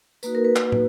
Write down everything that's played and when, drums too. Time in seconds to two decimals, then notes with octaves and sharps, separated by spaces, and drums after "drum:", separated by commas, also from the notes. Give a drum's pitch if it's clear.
0.23 A#3 D#4 F#4 B4, drum: tambourine
0.35 A#4
0.44 B4
0.56 drum: clap
0.72 drum: tom